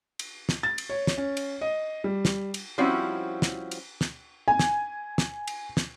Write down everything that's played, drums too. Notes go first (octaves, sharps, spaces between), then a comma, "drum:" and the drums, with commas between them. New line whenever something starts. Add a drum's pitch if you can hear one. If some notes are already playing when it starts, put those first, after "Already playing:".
drum: cymbal
drum: snare
A6
drum: cymbal
C#5
drum: snare
C#4
drum: cymbal
D#5
G3
drum: snare
drum: cymbal
F3 G3 C4 C#4 E4 F#4
drum: snare
drum: cymbal
drum: snare
G#5
drum: snare
drum: snare
drum: cymbal
drum: snare